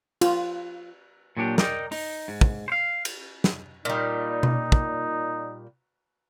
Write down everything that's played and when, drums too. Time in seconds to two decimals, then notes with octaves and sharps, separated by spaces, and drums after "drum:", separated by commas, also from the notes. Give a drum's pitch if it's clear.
0.21 F4, drum: cymbal
1.37 A#2 F#3 D4 G4
1.58 A#4 D5 D#5 G5, drum: snare
1.92 D#4, drum: open hi-hat
2.28 G#2
2.41 drum: kick
2.68 C5 F5
3.05 drum: cymbal
3.44 drum: snare
3.85 A#2 G3 D#4
4.43 drum: tom B2
4.72 drum: kick